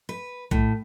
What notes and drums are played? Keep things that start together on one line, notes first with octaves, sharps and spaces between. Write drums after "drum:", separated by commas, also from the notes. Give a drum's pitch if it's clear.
B4
A2, drum: kick A#1